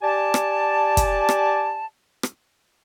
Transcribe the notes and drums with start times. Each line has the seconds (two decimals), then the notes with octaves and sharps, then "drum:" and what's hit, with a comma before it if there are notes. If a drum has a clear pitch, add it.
0.02 G4 D5 G#5 A5
0.34 drum: rim click
0.97 drum: kick, hi-hat
1.29 drum: rim click
2.23 drum: rim click